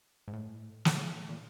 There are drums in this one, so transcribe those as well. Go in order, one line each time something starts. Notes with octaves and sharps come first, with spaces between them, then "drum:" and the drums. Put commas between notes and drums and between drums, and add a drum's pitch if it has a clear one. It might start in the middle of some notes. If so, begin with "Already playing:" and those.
G#2
A2
A#2, drum: snare
A#2